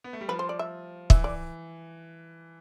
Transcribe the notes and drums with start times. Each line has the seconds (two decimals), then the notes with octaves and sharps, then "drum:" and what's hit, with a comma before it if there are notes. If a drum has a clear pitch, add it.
0.04 B3
0.13 A3
0.21 G3
0.28 F3 B4
0.39 C5
0.49 D5
0.59 E5
1.10 E3 E5, drum: kick
1.24 D5